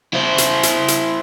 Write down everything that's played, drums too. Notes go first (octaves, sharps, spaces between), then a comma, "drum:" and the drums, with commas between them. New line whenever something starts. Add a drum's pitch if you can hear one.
E4 C5
drum: hi-hat
drum: hi-hat
drum: hi-hat